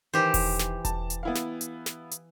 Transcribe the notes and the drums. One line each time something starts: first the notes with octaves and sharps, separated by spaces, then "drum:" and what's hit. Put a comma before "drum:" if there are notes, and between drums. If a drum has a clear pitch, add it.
D#3 E3 G4 C5
drum: kick E1, open hi-hat
drum: snare
A5, drum: kick E1, hi-hat
drum: hi-hat
B3 E4 F5
drum: snare
drum: hi-hat
drum: snare
drum: hi-hat